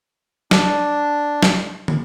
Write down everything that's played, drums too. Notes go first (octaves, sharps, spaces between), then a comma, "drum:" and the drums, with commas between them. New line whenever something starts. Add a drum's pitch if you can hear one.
D4, drum: snare
drum: snare
drum: tom